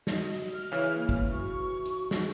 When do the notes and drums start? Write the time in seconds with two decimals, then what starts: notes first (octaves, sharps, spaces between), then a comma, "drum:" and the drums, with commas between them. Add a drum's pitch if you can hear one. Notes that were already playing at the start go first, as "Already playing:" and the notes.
0.07 F#4 D#5, drum: snare
0.32 drum: open hi-hat
0.53 F6
0.72 C#3 E3 C#5
0.94 A#3
1.09 drum: kick
1.31 F#4 C#6
1.86 drum: hi-hat
2.11 drum: snare